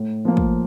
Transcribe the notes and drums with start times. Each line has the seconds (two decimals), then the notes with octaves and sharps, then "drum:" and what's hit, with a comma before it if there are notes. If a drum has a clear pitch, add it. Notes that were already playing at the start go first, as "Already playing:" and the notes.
Already playing: A2
0.25 F3 A#3
0.37 drum: kick